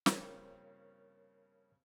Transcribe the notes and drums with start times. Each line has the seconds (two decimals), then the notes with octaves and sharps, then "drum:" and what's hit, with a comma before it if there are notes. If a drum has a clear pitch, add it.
0.06 G2 C#3 F3 A#3 C4 A#4 C5 C#5, drum: snare